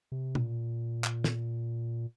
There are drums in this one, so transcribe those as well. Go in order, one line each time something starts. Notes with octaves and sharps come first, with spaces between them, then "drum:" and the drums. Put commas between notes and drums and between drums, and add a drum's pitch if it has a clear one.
C3
A#2, drum: tom
drum: clap
drum: snare